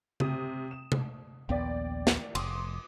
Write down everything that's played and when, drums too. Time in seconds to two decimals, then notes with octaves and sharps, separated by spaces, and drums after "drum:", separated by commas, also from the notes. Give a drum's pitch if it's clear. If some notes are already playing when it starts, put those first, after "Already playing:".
0.20 C3 D#6, drum: tom C#3
0.71 E7
0.92 drum: tom C3
1.49 A#1 D#2 B3 D5 G5
2.07 drum: snare
2.35 F1 C6 D6 D#6, drum: cymbal